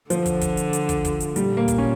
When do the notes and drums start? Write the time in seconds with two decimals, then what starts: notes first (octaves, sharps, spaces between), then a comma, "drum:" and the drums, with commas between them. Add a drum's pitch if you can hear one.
0.10 D3 F3, drum: hi-hat
0.26 drum: kick, hi-hat
0.41 drum: kick, hi-hat
0.57 drum: hi-hat
0.73 drum: hi-hat
0.89 drum: kick, hi-hat
1.05 drum: kick, hi-hat
1.20 drum: hi-hat
1.36 A#2 G3, drum: hi-hat
1.57 A#3
1.68 drum: kick, hi-hat
1.78 C#4